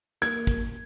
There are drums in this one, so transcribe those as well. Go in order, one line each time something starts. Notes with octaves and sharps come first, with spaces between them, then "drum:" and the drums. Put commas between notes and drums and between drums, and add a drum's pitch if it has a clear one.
A#3 G#6, drum: rim click
drum: kick, hi-hat